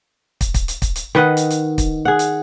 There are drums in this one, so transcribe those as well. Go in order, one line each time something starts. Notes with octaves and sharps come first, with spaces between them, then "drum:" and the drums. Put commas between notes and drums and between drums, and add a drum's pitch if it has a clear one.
drum: kick, hi-hat
drum: kick, hi-hat
drum: hi-hat
drum: kick, hi-hat
drum: hi-hat
D#3 B4 D#5 F#5
drum: hi-hat
drum: hi-hat
drum: kick, hi-hat
G#4 F#5
drum: hi-hat